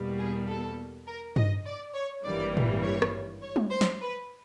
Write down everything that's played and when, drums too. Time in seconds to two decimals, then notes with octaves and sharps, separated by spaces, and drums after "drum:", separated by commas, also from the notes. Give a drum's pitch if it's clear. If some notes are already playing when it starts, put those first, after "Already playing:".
Already playing: E2 B2 G3 A#3
0.18 G#4
0.48 A4
1.07 A#4
1.36 D#5, drum: tom G2
1.65 D5
1.94 C#5
2.24 G#1 G2 E3 G3 A#3 D5
2.57 drum: tom A2
2.83 C#5
3.02 drum: rim click
3.41 C#5
3.56 drum: tom G3
3.71 C5
3.81 drum: snare
4.00 B4